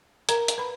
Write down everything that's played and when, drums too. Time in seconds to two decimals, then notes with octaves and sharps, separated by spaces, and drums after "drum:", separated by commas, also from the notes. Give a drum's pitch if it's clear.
0.29 A#4 A#5, drum: hi-hat
0.48 drum: hi-hat
0.58 B4 B5